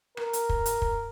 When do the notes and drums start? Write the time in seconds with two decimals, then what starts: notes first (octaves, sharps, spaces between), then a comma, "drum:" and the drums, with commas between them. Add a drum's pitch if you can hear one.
0.17 A#4, drum: rim click
0.33 drum: hi-hat
0.49 drum: kick
0.66 drum: hi-hat
0.82 drum: kick